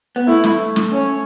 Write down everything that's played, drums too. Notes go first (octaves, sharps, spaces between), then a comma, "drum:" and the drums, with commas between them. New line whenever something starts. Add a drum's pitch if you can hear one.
B3
A3 E4
drum: snare
drum: snare
C#4